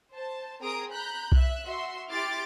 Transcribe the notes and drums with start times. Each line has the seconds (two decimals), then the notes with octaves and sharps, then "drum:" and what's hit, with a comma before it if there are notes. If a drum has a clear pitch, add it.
0.12 C5 A5
0.60 C4 G#4 A#4 A#5 D#6 D7
0.92 A#5 B5 F#6 G6
1.32 E5 F#6, drum: kick B1
1.65 F#4 E5 C6
2.11 E4 G4 C6 D6 F6 A6